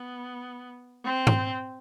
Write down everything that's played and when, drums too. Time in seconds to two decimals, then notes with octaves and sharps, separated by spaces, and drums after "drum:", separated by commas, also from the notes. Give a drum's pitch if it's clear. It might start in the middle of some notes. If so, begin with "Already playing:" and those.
Already playing: B3
1.05 C4
1.27 drum: tom G#2